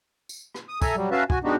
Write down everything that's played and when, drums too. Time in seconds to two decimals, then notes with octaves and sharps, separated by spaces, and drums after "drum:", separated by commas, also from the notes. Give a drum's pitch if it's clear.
0.29 drum: tambourine
0.54 drum: rim click
0.69 D#6
0.82 A4 E5 G#5 A#5, drum: kick, tambourine
0.96 F#3 G3
1.11 C#4 F#4 B4 E5 F5 A5
1.30 F#4 G#5, drum: kick
1.44 G#3 B3 D4 D#4 F#4 G4